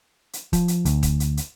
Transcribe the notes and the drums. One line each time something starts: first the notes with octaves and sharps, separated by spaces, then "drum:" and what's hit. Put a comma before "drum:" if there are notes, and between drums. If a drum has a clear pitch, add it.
drum: hi-hat
F3, drum: kick D#1, hi-hat
drum: hi-hat
D2, drum: hi-hat
drum: kick D#1, hi-hat
drum: hi-hat
drum: hi-hat